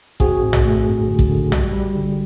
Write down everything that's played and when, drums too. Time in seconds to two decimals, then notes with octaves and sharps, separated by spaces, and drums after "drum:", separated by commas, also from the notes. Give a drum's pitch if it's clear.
0.20 C4 F#4 G#4, drum: kick
0.42 A2
0.53 drum: tom A#1
0.64 A3
0.85 G2
1.07 D3
1.19 drum: kick
1.29 D3
1.52 G3, drum: tom A#1
1.73 G3
1.95 D3